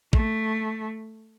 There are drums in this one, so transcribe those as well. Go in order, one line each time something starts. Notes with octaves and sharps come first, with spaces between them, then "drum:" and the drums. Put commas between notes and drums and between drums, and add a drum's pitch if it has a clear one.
A3, drum: kick